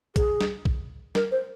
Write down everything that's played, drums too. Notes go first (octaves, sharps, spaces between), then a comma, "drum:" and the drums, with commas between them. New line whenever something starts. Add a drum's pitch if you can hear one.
G#4, drum: kick A#1, hi-hat
drum: snare
drum: kick A#1
A#4, drum: snare
C5